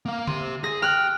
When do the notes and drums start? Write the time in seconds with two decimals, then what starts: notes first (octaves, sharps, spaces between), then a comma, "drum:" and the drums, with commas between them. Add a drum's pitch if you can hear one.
0.05 A#3 F5
0.27 G4 C6, drum: tom D3
0.64 G#4 A#6
0.82 G5 F6 F#6